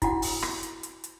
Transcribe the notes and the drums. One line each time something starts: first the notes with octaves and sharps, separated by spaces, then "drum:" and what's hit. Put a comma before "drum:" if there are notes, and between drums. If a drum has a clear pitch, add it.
E4 F#4 F#5, drum: kick, hi-hat
drum: open hi-hat
drum: rim click
drum: hi-hat
drum: hi-hat
drum: hi-hat